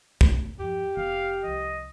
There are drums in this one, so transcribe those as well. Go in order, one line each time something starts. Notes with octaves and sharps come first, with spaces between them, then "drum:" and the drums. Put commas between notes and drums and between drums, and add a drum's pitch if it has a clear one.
E2 A3, drum: kick
E2 G2 F3 G4
F1 E3 B3 F5
C2 F3 D#5